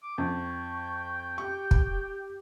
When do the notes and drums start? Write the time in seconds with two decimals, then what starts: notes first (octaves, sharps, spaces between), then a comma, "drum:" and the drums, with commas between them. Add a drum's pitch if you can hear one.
0.03 D6
0.18 F2 G5 C#6
1.38 G4 C#6
1.71 drum: kick